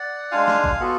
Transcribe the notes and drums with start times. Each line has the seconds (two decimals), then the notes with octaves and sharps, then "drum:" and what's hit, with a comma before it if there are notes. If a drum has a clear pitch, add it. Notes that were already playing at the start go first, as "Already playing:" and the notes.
Already playing: D5 F#5
0.31 G#3 D4 F4 F5 G#5
0.48 drum: snare
0.64 drum: kick G#1
0.80 B3 F4 F#4 A4